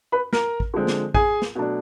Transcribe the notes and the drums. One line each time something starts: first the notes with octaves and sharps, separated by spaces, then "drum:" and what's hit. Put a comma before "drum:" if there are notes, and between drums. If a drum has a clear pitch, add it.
B4 B5
A#4 A#5, drum: snare
drum: kick
D3 F3 G#3 C4
drum: snare
G#4 G#5, drum: kick
drum: snare
B2 F#3 A3 D4